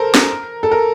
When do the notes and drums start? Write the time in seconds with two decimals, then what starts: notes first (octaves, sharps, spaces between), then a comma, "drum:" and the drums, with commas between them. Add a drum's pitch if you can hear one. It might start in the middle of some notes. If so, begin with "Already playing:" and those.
Already playing: A4 A#4 C5
0.14 drum: snare
0.63 A4
0.71 A#4